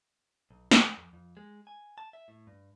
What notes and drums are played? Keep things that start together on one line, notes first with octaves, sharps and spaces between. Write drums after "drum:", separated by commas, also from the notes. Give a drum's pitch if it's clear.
B1
C4, drum: snare
F2
F2
G#3
G#5
A5
E5
A2
G2